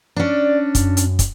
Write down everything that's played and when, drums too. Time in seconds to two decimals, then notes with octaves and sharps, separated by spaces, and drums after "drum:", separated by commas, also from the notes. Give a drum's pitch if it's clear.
0.16 C#4 D4 D5
0.75 F#2, drum: kick, hi-hat
0.97 drum: hi-hat
1.19 drum: kick, hi-hat